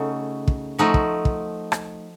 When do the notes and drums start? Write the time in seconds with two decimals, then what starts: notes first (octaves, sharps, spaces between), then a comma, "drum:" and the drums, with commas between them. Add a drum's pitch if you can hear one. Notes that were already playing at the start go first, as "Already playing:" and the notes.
Already playing: C#3 A3 D#4 F#4
0.48 drum: kick
0.78 F3 A3 D#4 F#4
0.94 drum: kick
1.25 drum: kick
1.72 drum: rim click